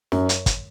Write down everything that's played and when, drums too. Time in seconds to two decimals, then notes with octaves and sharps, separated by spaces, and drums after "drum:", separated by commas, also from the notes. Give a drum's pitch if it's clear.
0.12 F#2, drum: snare
0.29 drum: hi-hat
0.46 drum: kick, hi-hat